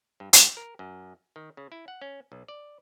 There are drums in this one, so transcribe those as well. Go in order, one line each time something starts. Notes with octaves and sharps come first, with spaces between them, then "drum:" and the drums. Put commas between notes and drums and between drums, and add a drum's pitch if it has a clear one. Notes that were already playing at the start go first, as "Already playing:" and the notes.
G2
G#2, drum: hi-hat
A#4
F#2
D#3
C#3
E4
F#5
C#4
B1
D5